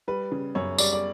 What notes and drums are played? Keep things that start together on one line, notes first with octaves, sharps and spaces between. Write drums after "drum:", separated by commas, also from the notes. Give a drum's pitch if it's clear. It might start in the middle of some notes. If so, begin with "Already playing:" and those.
G3 B4
C#3
F#2 C#5
G3 D5, drum: tambourine
D5